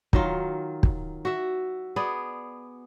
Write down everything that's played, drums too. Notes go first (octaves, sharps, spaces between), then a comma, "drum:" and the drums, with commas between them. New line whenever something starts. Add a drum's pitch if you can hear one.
D#3 F#3 F4, drum: kick
drum: kick
F#4 E5
B3 G#4 D5